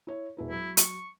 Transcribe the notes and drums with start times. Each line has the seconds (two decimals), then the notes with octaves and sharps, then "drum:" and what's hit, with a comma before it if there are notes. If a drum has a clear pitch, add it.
0.07 E4 C#5
0.37 E1 E4 B4
0.50 F#3 E4
0.77 C#6, drum: hi-hat